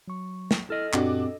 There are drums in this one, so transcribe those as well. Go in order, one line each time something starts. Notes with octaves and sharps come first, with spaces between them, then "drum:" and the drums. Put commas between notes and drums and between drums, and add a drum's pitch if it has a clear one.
F#3 C#6
drum: snare
E4 A4 D#5 F6
F#2 A#2 C4 D4 F#4 G4 D6, drum: clap